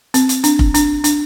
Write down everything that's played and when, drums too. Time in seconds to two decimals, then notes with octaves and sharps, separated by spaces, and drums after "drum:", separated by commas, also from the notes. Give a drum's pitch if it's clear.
0.14 C4, drum: hi-hat
0.29 drum: hi-hat
0.44 D4, drum: hi-hat
0.59 drum: kick F1
0.74 D4, drum: hi-hat
1.04 D4, drum: hi-hat